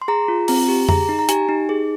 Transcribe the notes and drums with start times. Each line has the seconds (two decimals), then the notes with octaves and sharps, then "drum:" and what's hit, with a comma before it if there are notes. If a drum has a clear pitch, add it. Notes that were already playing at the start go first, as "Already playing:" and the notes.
0.02 C6
0.08 G#4 A#5
0.28 F4
0.48 C4 A#5, drum: open hi-hat
0.68 G4
0.89 G#4 A#5, drum: tom F2
1.09 D#4
1.19 A#5
1.29 G4 G#5, drum: hi-hat
1.49 D#4
1.69 G#4